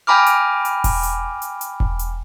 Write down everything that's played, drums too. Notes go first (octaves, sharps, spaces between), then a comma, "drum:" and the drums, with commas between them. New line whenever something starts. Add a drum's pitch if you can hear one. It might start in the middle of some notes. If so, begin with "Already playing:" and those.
G5 G#5 A#5 B5 D6 F6
drum: hi-hat
drum: hi-hat
drum: kick E1, open hi-hat
drum: hi-hat
drum: hi-hat
drum: hi-hat
drum: kick E1
drum: hi-hat